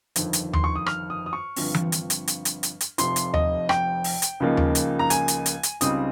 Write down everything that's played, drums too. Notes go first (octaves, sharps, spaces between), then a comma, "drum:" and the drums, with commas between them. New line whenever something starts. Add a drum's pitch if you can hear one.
G1 F2 D#3, drum: hi-hat
drum: hi-hat
C6, drum: tom D#2
C#6
D#6
F6, drum: rim click
D#6
D#6
C#6
G1 G2 F3 C4, drum: open hi-hat
drum: tom E3
drum: hi-hat
drum: hi-hat
drum: hi-hat
drum: hi-hat
drum: hi-hat
drum: hi-hat
F1 F2 C3 F3 C6, drum: hi-hat
drum: hi-hat
D#5, drum: tom D#2
G5, drum: rim click
drum: open hi-hat
drum: hi-hat
C#2 C#3 F3 A#3 D#4
drum: tom D#2
drum: hi-hat
A#5
G#5, drum: hi-hat
drum: hi-hat
drum: hi-hat
drum: hi-hat
C#2 C#3 G3 C4 D#4 D#6, drum: hi-hat